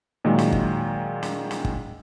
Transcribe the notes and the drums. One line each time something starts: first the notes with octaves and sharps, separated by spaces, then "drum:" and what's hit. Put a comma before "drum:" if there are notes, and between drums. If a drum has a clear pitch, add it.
A#2 D#3 F#3 G#3
drum: snare
drum: kick
drum: snare
drum: snare
drum: kick